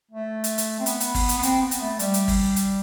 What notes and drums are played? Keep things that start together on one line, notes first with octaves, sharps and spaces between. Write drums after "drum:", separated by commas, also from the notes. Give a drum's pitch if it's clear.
A3
drum: hi-hat
drum: hi-hat
C4
B3, drum: hi-hat
drum: hi-hat
drum: kick G#1, open hi-hat
drum: hi-hat
B3
C4, drum: hi-hat
B3
drum: hi-hat
A3
G3, drum: hi-hat
drum: hi-hat
drum: kick G#1, open hi-hat
drum: hi-hat